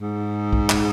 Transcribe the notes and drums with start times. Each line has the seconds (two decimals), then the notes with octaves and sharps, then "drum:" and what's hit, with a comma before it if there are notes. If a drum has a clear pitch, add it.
0.01 G#2
0.53 drum: kick B1
0.70 drum: clap